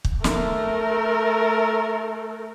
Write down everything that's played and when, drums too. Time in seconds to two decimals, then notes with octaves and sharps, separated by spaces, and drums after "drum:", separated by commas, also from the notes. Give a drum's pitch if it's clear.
0.05 drum: kick
0.24 A3 A#4, drum: snare